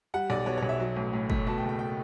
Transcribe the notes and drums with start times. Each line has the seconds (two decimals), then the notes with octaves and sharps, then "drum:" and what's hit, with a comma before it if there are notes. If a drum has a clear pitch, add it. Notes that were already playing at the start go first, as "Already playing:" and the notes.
0.14 G3 F#5
0.30 B1 D5
0.46 B2 C#5
0.58 C#5
0.63 B1
0.69 E5
0.80 F#3
0.96 A1
1.13 A2
1.30 A3, drum: kick
1.47 B2 A5
1.58 G5
1.63 F#1
1.69 G5
1.79 G5